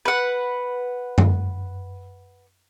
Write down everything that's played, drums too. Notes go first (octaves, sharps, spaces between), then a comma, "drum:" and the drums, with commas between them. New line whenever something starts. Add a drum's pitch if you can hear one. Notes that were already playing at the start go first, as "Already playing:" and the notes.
B4 F#5
drum: tom F#2